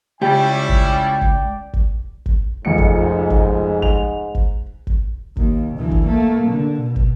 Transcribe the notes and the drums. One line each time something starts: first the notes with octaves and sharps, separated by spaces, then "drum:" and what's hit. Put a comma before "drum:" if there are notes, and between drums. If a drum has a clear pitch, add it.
C#2 G3 C#4 E4 G4 D5 G5
drum: kick
drum: kick
drum: kick
drum: kick
F1 C#2 G#2 C#7
drum: kick
drum: kick
F7, drum: kick
drum: kick
drum: kick
D#2, drum: kick
D2 E3
drum: kick
A3 A#3
D3
B2
drum: kick